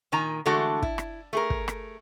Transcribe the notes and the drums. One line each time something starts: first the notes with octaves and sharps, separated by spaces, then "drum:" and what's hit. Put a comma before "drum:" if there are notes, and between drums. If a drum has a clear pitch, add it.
A#2 D#3 G#5 A#5
D3 E3 G#3 A3 F#4 A4
E4, drum: kick
drum: rim click
A3 G#4 A#4
drum: kick
drum: rim click